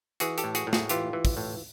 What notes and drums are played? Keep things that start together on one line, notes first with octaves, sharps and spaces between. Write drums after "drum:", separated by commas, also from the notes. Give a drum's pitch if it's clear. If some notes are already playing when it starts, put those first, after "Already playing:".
E3 F#4 G#4, drum: hi-hat
G4 A4, drum: hi-hat
A2
F#4 G#4, drum: hi-hat
A2
F#4 G#4, drum: snare
E3 F4 G4, drum: hi-hat
E3
drum: kick, open hi-hat
A2